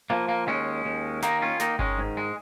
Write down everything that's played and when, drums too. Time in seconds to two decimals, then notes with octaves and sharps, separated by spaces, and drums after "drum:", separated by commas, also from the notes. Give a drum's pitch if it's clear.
0.10 F3 A#3
0.29 A#3
0.47 D#2 G#3 C#4
0.85 D#2
1.23 D#3 A#3 D#4, drum: snare
1.42 C#4 F4
1.60 D#3 A#3 D#4, drum: snare
1.79 G#3 C#4, drum: kick G1
1.98 G#2
2.17 G#3